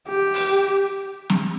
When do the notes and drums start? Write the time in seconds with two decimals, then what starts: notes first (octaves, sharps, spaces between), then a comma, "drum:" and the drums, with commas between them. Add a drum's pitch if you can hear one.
0.08 G4
0.34 drum: open hi-hat
1.30 drum: snare